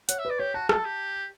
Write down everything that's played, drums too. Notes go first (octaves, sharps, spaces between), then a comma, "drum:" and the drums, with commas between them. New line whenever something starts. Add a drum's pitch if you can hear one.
C#5 F#5, drum: hi-hat
E5
B4 D5
G4 C#5
F#4 A5
A4 A5, drum: rim click
G4